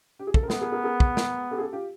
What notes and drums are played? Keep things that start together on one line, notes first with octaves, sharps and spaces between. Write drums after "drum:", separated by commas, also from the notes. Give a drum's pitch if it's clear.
G4
G#4
A4, drum: kick
A#4
B3 A4 B4, drum: snare
G#4 A#4
G#4 A#4
G#4 A#4
drum: kick
drum: snare
G4 A4
G#4
G4 A4
F4 G4